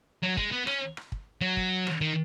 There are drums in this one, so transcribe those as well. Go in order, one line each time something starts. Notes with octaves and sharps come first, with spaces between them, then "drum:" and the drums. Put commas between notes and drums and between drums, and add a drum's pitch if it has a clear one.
F#3
G#3, drum: kick
B3
C#4, drum: rim click
drum: rim click
drum: kick
F#3
drum: kick
drum: rim click
D#3